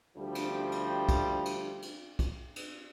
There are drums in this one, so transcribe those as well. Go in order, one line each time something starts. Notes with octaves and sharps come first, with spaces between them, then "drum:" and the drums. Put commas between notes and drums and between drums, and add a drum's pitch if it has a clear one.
D2 F3 G3
drum: cymbal
drum: cymbal
drum: kick, cymbal
drum: cymbal
drum: cymbal
drum: kick, cymbal
drum: cymbal